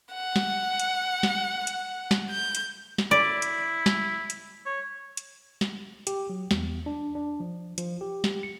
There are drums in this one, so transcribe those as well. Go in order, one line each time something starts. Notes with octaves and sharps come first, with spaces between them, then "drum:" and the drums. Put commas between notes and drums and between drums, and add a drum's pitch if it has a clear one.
F#5
drum: snare
drum: hi-hat
drum: snare
drum: hi-hat
drum: snare
G6
drum: hi-hat
drum: snare
E4 D5
drum: hi-hat
drum: snare
drum: hi-hat
C#5
drum: hi-hat
drum: snare
G4, drum: hi-hat
F#3
E2, drum: snare
D4
D4
F3
F3, drum: hi-hat
G4
drum: snare
C#7